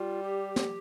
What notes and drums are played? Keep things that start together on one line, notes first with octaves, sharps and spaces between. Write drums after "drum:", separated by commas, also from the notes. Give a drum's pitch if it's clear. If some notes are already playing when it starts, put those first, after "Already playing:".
Already playing: G3 F4
G4
drum: snare